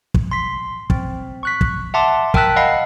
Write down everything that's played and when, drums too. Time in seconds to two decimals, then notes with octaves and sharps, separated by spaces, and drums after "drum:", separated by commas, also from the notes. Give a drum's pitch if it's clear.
0.14 drum: kick
0.31 C6 B6
0.90 C4, drum: kick
1.43 C#6 F#6 B6
1.61 drum: kick
1.94 E5 F#5 A5 C6 D6
2.34 A#4 G5 A5 E6 F#6 B6, drum: kick
2.56 D#5 F5 F#5 B5 E6 C7